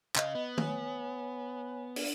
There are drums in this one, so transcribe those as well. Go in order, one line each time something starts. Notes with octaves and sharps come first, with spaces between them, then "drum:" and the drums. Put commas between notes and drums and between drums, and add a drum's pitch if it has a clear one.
C#3 D#5 F5, drum: clap
B3
C#5 G#5, drum: tom D#3
D4, drum: open hi-hat